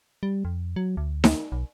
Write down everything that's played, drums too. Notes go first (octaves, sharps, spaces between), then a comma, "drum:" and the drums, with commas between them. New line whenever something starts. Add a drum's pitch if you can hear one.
G3
F2
F#3
D2
drum: snare D#4
B1